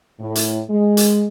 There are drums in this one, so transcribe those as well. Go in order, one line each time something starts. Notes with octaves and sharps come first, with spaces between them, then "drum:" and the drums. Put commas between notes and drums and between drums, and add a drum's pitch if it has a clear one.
A2
drum: hi-hat
G#3
drum: hi-hat